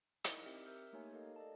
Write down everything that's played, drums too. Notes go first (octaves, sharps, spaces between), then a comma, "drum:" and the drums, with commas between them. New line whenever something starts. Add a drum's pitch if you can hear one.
D#4 E4 A#4 D5 D#5, drum: hi-hat
C4 G4 E5 F6
A#4 E5 E6 F6 G6
A3 A#3 D#4 G4 C#5 G#5
A4 A#4 D#5 F5
A4 D5 D#5 A5